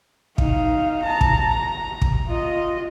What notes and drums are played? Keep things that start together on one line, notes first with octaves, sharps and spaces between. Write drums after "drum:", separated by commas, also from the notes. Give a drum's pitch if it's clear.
D#4 F5, drum: kick
A5 A#5
drum: kick
A#5
drum: kick
F4 D#5